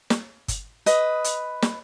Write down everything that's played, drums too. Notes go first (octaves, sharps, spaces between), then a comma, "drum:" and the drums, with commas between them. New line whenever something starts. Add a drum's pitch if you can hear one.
drum: snare
drum: kick G1, hi-hat
B4 D#5 D#6, drum: hi-hat
drum: hi-hat
drum: snare